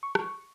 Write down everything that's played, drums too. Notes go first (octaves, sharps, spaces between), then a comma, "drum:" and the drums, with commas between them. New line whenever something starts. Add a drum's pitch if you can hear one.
C#6
drum: rim click